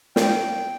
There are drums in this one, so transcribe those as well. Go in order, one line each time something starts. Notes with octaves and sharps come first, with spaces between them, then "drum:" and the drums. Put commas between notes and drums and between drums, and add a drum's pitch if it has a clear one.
G5, drum: snare